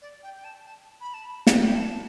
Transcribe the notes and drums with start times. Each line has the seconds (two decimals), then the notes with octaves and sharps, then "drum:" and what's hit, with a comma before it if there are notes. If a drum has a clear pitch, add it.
0.02 D5
0.23 G5
0.36 G5
0.44 A5
0.66 A5
1.01 B5
1.14 A5
1.26 B5
1.47 drum: snare
1.66 G5
1.75 A5